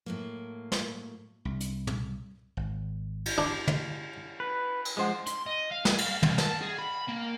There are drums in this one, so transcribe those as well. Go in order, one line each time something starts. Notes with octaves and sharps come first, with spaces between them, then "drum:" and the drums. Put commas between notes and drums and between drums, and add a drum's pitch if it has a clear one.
A2 F#3 A#3
drum: snare
C2
drum: hi-hat
drum: tom
G#1
drum: cymbal
D4
drum: tom
B4
drum: cymbal
F3 G#3 C5 F#5
C6, drum: hi-hat
D#5
F5
G#4, drum: snare
F5, drum: cymbal
C2, drum: tom
A5, drum: snare
G#4
B5
A#3